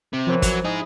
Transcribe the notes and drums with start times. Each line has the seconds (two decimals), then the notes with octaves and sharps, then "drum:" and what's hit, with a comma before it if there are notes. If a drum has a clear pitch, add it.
0.13 C3
0.27 F#2 E3 F3 C5
0.42 F#3, drum: kick, hi-hat
0.65 D#4 E4 G#4 D#5